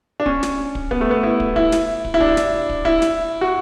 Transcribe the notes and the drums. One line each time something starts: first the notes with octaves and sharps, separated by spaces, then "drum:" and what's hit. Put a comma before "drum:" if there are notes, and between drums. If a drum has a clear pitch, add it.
D4
C#4, drum: kick
drum: snare
drum: kick
B3, drum: kick
A3
B3
E4
drum: kick
E4, drum: kick
drum: snare
drum: kick
E4
D4, drum: kick
drum: snare
drum: kick
E4, drum: kick
drum: snare
F#4